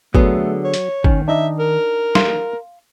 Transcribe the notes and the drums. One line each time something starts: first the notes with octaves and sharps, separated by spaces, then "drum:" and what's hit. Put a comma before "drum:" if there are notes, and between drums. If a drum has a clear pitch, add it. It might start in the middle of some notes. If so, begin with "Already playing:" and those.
D3 F#3 A3 B3 G#4, drum: kick
C#5
drum: hi-hat
D#3 C#4, drum: kick
D4 D#4 D#5 E5
A#4
F5 C6, drum: snare